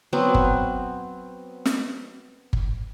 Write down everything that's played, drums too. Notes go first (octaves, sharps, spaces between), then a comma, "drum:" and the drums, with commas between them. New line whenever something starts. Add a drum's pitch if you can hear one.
F#3 B3 C4
drum: kick G1
drum: snare
drum: kick G1